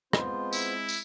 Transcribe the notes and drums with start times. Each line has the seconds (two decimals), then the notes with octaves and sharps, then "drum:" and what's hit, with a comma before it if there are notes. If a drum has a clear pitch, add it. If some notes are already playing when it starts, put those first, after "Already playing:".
0.13 G#3 B3 C4 F4 C5, drum: rim click
0.53 E4, drum: tambourine
0.89 drum: tambourine